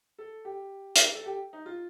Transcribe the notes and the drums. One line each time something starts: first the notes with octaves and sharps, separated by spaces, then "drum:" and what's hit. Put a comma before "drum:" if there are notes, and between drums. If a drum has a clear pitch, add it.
A4
G4
drum: hi-hat
A4
G4
D#4
F4